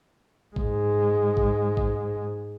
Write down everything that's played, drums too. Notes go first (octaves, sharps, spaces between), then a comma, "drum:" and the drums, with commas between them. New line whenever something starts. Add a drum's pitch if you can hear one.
G#2 G#3, drum: kick
drum: kick
drum: kick